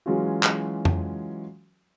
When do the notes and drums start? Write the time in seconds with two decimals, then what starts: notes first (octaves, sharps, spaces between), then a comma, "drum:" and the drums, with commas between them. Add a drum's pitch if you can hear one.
0.06 E3 F#3 G#3 C#4 F4 F#4
0.43 drum: clap
0.85 drum: tom F2